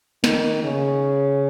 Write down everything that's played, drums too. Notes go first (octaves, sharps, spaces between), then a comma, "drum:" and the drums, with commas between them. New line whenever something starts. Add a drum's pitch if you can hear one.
D#3, drum: snare
C#3